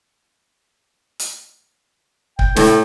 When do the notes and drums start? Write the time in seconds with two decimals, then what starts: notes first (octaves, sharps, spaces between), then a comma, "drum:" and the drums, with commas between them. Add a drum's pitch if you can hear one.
1.20 drum: hi-hat
2.39 G5, drum: kick C#1
2.56 A2, drum: snare